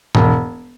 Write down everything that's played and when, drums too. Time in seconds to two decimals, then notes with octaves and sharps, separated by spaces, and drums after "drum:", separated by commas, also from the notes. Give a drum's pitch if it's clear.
0.15 E1, drum: tom G#2